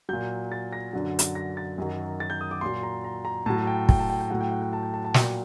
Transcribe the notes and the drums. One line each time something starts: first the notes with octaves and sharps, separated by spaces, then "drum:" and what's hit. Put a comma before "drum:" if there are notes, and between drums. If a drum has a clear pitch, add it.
A#2 F#3 G6
A6
A#6
F#2 D3 F#3
drum: hi-hat
A#6
A6
F#2 D#3 F#3
A6
G6
D#6
D6
A#2 F#3 C6
A#5
A#5
A#5
A2 F#3 A5
G5
G5, drum: kick
A5
G5
G5
A2 F#3 F#5
G5
F#5
G5
A5
G5
A5
A5
A#2 F#3 G5, drum: snare